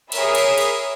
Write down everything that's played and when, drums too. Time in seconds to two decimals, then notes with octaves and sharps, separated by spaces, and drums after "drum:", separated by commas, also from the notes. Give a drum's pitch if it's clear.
0.12 G#4 A#4 C#5 E5 B5, drum: cymbal
0.35 drum: cymbal
0.58 drum: cymbal